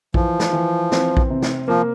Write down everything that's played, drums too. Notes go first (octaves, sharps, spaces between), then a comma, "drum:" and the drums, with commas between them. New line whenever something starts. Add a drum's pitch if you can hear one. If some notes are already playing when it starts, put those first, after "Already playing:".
E3 F3, drum: kick A#1
drum: snare
E3
C4, drum: snare
drum: kick A#1
C3
drum: snare
F3 A#3